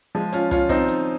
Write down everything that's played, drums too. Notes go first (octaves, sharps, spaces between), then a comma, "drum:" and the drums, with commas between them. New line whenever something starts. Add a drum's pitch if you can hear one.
F3 G#3
C#4 F4, drum: hi-hat
C#4 F4, drum: kick, hi-hat
C4 D#4, drum: kick, hi-hat
drum: hi-hat